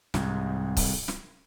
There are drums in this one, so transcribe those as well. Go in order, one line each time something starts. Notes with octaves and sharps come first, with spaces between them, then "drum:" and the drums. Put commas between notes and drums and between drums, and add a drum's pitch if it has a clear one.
C2 G#2, drum: snare
drum: kick, open hi-hat
drum: snare